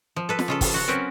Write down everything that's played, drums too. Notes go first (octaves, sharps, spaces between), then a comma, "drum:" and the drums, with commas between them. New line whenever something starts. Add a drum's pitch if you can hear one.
F3
A4 B4
drum: snare
C#3 F4 A4
drum: kick, open hi-hat
F#4 F#5
F#3 C4 C#4 A#4 B4